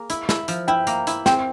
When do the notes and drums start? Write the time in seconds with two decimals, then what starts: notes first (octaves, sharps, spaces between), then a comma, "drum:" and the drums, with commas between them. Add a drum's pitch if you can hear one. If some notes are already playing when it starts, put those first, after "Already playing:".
Already playing: A#3 G#4
0.10 E4, drum: hi-hat
0.29 E4, drum: snare
0.48 F3, drum: hi-hat
0.68 E4 G5
0.87 A#3, drum: hi-hat
1.07 E4, drum: hi-hat
1.26 C4 G5, drum: snare